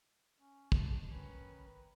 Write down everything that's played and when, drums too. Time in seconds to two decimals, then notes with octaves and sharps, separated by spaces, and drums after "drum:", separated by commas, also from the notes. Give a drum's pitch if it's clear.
0.40 C#4
0.72 A#2 G#3 D4, drum: kick
1.11 D#3 C#4 B4